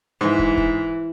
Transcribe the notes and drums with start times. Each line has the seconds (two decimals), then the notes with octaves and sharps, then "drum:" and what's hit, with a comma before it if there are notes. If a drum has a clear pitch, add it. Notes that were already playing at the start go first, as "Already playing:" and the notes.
0.21 G#2 E3
0.39 drum: kick
0.57 drum: kick